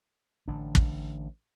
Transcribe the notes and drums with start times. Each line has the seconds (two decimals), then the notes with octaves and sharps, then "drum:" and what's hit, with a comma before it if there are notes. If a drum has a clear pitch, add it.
0.48 A1 D3 D4
0.75 drum: kick